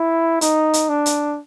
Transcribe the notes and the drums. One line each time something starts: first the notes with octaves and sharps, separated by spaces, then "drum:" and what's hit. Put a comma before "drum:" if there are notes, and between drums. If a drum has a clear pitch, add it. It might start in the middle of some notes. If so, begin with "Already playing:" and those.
Already playing: E4
D#4, drum: hi-hat
drum: hi-hat
D4
drum: hi-hat